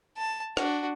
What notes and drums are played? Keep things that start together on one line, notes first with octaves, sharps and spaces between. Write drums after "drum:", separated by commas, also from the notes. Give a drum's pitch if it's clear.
A5
D4 F#4, drum: rim click